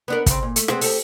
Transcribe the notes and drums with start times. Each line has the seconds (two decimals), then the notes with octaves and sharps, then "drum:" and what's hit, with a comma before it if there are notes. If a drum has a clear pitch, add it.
0.08 B3 D4 A#4
0.26 C#3 C4, drum: kick, hi-hat
0.43 A#2
0.56 A3, drum: hi-hat
0.68 B3 C4 G#4, drum: rim click
0.81 G4 A4, drum: open hi-hat